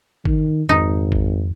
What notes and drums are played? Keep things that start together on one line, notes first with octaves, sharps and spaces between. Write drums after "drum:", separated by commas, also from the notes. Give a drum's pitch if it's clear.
D#3, drum: kick G#1
G#1 F2 D#4
drum: kick G#1